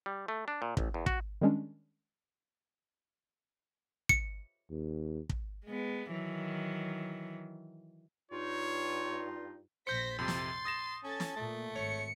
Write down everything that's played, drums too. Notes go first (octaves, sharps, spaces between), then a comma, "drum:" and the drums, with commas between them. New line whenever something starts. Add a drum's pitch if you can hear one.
G3
A3
D4
A#2
A1, drum: kick
E2
F#4, drum: kick
D#3 G3 G#3 C#4 D4
C#7, drum: kick
D#2
drum: kick
G#3 B3
D#3 E3 F#3
G2 D#4 F4 C#5
A#1 C5 G6 A#6 B6 C#7
F2 C3 C6 A6
drum: snare
D#6 A#6 E7
C#4 A4 A6
drum: snare
A#2 A3
G#1 C#5 C#7